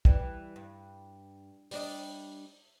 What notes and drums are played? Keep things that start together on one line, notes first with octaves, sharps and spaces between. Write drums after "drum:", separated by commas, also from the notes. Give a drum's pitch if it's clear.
E3 G3, drum: kick
G2
G3 D4 D#5, drum: open hi-hat